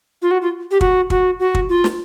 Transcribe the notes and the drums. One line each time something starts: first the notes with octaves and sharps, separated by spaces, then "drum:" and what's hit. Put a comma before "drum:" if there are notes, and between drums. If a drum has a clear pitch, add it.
F4
F#4
F4
G4
F#4, drum: kick
F#4, drum: kick
F#4
drum: kick
F4
drum: snare